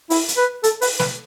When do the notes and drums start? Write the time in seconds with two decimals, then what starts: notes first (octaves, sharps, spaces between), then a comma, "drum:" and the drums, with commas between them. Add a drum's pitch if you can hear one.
0.10 E4, drum: open hi-hat
0.28 drum: hi-hat
0.37 B4
0.64 A4, drum: hi-hat
0.82 B4, drum: open hi-hat
0.99 B4, drum: snare